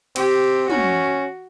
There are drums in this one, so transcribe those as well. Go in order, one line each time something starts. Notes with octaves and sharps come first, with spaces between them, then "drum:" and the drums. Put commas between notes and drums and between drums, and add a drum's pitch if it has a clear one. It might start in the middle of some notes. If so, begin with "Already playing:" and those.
C4 G4, drum: cymbal
C#4 F#4, drum: tom